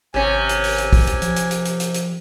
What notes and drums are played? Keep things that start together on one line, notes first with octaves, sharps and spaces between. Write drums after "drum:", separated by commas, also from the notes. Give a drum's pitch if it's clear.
G#1 C3 C#4 G#5
drum: hi-hat
drum: open hi-hat
drum: hi-hat
drum: kick, open hi-hat
drum: hi-hat
F3, drum: hi-hat
drum: hi-hat
drum: hi-hat
drum: hi-hat
drum: hi-hat
drum: hi-hat